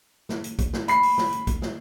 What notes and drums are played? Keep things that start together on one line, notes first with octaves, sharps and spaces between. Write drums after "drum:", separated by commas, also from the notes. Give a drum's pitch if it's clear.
drum: snare
drum: hi-hat
drum: kick, hi-hat
drum: snare
B5 C7, drum: hi-hat
drum: open hi-hat
drum: snare
drum: hi-hat
drum: kick, hi-hat
drum: snare